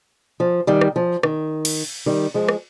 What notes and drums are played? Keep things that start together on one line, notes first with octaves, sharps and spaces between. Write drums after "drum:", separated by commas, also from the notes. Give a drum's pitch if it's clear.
F3
D#3 G3
drum: rim click
F3
D#3, drum: rim click
drum: cymbal
D#3 G3
F3 G#3
drum: rim click